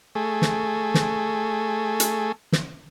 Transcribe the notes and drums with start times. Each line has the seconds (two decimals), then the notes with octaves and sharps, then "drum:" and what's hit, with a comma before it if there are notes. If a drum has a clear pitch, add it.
0.15 A3 G#4
0.42 drum: snare
0.94 drum: snare
2.00 drum: hi-hat
2.52 drum: snare